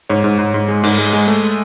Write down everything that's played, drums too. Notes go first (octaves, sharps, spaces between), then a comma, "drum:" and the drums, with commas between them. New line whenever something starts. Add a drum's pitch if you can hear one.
G#2 C#5
G#2
G#2
G#2
G#3
G#2, drum: open hi-hat
G#3
G#3
A3